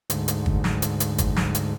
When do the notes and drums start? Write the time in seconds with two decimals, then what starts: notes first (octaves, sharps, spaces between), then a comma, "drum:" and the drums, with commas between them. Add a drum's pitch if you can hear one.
0.10 D2 G#2, drum: hi-hat
0.28 drum: hi-hat
0.46 drum: kick
0.64 drum: snare
0.82 drum: hi-hat
1.00 drum: hi-hat
1.18 drum: kick, hi-hat
1.36 drum: snare
1.55 drum: hi-hat